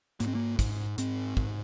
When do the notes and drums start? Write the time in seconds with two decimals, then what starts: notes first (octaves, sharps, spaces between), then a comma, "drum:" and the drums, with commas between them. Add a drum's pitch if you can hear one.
0.20 G#2 A#3, drum: hi-hat
0.27 C4
0.35 A#3
0.59 G#2, drum: kick, hi-hat
0.98 G#2 C4, drum: hi-hat
1.37 G#2, drum: kick